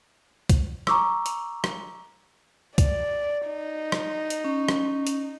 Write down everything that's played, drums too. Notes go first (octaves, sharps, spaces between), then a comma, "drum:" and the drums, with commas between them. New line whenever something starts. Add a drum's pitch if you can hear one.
drum: kick C2, hi-hat
A#5 C#6 D6 E6, drum: rim click
drum: hi-hat
drum: rim click
D5, drum: kick C2, hi-hat
D#4
drum: rim click
drum: hi-hat
C#4
drum: rim click
drum: hi-hat